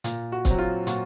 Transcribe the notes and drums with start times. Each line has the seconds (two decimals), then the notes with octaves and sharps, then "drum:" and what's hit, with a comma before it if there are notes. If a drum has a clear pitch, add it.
0.04 A#2, drum: hi-hat
0.32 F#4
0.45 C4, drum: kick, hi-hat
0.51 F#3
0.59 F4
0.87 A#2 F#4, drum: hi-hat